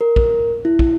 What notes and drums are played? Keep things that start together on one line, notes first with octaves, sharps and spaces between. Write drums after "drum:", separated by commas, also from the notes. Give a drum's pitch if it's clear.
A#4
drum: kick
E4
drum: kick